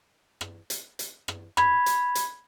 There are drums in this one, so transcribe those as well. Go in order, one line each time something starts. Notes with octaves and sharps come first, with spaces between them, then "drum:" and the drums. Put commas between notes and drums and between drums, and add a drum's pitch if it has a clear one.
drum: rim click
drum: hi-hat
drum: hi-hat
drum: rim click
B5 G#6, drum: rim click
drum: hi-hat
drum: hi-hat